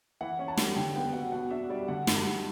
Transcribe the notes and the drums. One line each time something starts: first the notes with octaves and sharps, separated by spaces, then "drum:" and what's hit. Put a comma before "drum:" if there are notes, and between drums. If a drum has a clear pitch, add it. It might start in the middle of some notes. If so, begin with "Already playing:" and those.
E3 F#5
C#4
A5
G3, drum: snare
D3 G5
B3 G5
F#3 F#5
B2 F#5
D4 E5
G3 D5
D3 F#5
G2, drum: snare
A5
G3